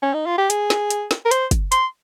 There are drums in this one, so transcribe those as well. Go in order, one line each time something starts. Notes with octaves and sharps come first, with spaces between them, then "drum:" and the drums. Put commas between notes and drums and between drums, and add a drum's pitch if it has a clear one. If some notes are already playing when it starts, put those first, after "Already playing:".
C#4
D#4
F4
G4
G#4, drum: hi-hat
drum: snare
drum: hi-hat
drum: snare
A#4
C5, drum: hi-hat
drum: kick, hi-hat
C6, drum: hi-hat